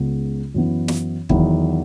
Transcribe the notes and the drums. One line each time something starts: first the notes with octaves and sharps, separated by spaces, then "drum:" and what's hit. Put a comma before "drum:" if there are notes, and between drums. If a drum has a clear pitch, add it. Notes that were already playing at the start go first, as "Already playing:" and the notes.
Already playing: C#2 C#3 G#3 B3
F#2 E3 B3
drum: snare
E2 D#3 F#3 B3 E4, drum: kick